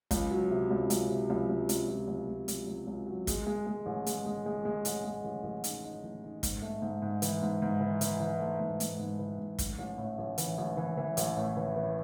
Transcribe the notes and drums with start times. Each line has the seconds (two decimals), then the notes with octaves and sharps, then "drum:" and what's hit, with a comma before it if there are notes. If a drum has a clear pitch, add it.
0.11 C#2, drum: kick, hi-hat
0.31 F#3
0.50 C3
0.71 C#2
0.90 C#2, drum: hi-hat
1.09 C3
1.30 C#2
1.49 C#2
1.69 C#2, drum: hi-hat
1.88 C#2
2.08 C#2
2.28 C#2
2.48 C#2, drum: hi-hat
2.67 C#2
2.87 C#2
3.07 F#3
3.27 G#3, drum: kick, hi-hat
3.47 G#3
3.67 G#3
3.86 A1
4.06 G#3, drum: hi-hat
4.26 G#3
4.46 G#3
4.65 G#3
4.85 A1, drum: hi-hat
5.04 G#3
5.25 A1
5.44 A1
5.64 D#4, drum: hi-hat
5.84 D#4
6.03 A1
6.24 D#4
6.43 G#2, drum: kick, hi-hat
6.62 A3
6.82 G#2
7.02 G#2
7.22 E3, drum: hi-hat
7.42 G#2
7.62 G#2
7.81 E3
8.01 E3, drum: hi-hat
8.20 E3
8.40 A3
8.60 G#2
8.80 G#2, drum: hi-hat
8.99 G#2
9.19 E3
9.39 G#2
9.59 A1, drum: kick, hi-hat
9.79 A1
9.98 A2
10.18 A1
10.38 E3, drum: hi-hat
10.58 A1
10.77 E3
10.97 E3
11.17 A1, drum: hi-hat
11.37 A2
11.57 E3
11.76 E3